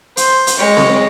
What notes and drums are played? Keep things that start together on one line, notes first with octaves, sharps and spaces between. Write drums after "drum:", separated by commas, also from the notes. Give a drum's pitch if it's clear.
C5, drum: hi-hat
drum: hi-hat
G#3 C#5
drum: snare C4